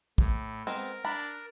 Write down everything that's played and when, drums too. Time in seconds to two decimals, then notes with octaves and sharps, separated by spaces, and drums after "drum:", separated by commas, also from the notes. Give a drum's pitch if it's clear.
0.18 A2, drum: kick
0.67 G#3 B3 C4 A#4
1.05 D4 A#5 B5